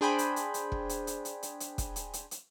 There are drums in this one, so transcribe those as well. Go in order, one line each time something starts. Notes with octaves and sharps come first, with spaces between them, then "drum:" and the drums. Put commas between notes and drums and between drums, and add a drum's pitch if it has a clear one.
D4 G#4 C5 G5 G#5 B5
drum: hi-hat
drum: hi-hat
drum: hi-hat
drum: kick F1
drum: hi-hat
drum: hi-hat
drum: hi-hat
drum: hi-hat
drum: hi-hat
drum: kick F1, hi-hat
drum: hi-hat
drum: hi-hat
drum: hi-hat